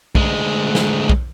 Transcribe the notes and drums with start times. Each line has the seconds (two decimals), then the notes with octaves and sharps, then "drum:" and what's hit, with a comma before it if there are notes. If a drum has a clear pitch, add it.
0.15 D2 G#3, drum: kick B1
0.75 drum: snare
1.09 drum: kick B1